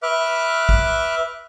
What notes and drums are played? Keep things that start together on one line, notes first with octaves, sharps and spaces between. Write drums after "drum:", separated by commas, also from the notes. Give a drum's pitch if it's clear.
B4 E5 D6 F6 F#6
drum: kick